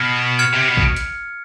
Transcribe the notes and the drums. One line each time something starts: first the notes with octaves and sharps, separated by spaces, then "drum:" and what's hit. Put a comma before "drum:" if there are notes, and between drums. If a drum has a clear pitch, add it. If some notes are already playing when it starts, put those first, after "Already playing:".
Already playing: B2 F6 G#6 C#7
F6 G#6 C#7
C3
B2
drum: kick
drum: hi-hat